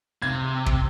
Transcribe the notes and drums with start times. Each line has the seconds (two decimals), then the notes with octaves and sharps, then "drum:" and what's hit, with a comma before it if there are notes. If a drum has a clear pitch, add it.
0.22 C3 G#6
0.66 drum: kick